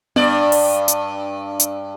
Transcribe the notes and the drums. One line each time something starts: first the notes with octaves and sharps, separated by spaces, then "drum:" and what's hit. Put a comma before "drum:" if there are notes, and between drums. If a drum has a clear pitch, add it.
G2 D5, drum: tom B3
drum: open hi-hat
drum: hi-hat
drum: hi-hat